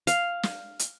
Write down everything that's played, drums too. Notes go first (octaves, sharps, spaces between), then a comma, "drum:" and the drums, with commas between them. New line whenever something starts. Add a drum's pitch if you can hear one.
F5, drum: hi-hat
drum: snare
drum: hi-hat